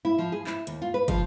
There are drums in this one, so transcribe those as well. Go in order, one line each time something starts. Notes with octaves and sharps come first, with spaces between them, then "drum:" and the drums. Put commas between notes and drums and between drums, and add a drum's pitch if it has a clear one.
E4
F3
G#4
E4, drum: clap
D#2, drum: hi-hat
F4
B4
F3, drum: kick, hi-hat